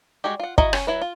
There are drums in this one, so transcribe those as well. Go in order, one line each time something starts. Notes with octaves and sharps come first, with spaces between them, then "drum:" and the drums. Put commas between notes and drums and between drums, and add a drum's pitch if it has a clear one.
G3 G#3 F#4 G4
F4 F#5
E4 F#4 D#5 A#5, drum: kick
C#4, drum: rim click
F#3 E4 B4
F4